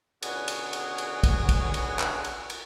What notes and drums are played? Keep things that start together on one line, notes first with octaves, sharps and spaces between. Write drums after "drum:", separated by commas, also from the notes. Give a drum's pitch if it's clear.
C#2 B2 D3 C#4 G#4 F#5, drum: cymbal
drum: cymbal
drum: cymbal
drum: cymbal
drum: kick, cymbal
drum: kick, cymbal
drum: cymbal
drum: clap
drum: cymbal
drum: cymbal